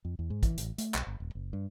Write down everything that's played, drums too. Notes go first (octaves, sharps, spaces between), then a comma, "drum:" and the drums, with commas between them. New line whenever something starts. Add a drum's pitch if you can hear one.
F2
E2
G#2
E3, drum: kick, hi-hat
A1, drum: hi-hat
A3, drum: hi-hat
B1, drum: clap
G1
D#1
F#1
G2